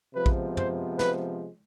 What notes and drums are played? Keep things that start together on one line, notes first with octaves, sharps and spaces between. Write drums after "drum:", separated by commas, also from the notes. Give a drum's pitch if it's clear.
C3 F3 G#3 B3 B4
drum: kick A#1
C5, drum: tom
B4, drum: snare